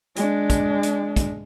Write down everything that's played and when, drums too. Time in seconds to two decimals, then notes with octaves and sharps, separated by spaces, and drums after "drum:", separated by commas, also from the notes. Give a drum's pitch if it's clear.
0.16 G#3 D4, drum: hi-hat
0.50 drum: kick, hi-hat
0.83 drum: hi-hat
1.16 drum: kick, hi-hat